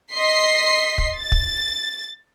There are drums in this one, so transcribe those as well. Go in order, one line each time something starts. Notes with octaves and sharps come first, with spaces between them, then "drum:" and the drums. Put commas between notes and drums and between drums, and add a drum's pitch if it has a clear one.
D#5 C6 B6 C7
drum: kick
A6
drum: kick